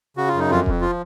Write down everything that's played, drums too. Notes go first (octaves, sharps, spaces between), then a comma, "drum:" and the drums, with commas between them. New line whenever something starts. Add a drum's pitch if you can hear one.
C#3 F#4
F4
F#2
D#4
F2 F4
F2, drum: kick E1
F3 F4